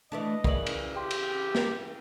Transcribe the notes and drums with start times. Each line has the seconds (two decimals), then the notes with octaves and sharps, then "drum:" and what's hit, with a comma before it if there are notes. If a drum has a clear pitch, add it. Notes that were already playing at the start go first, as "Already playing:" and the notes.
0.12 E3 A3 D4 D#5
0.44 C#3 E3 A#4 D5 F#7, drum: kick
0.66 drum: cymbal
0.96 G4 G5 C6
1.11 drum: cymbal
1.55 drum: snare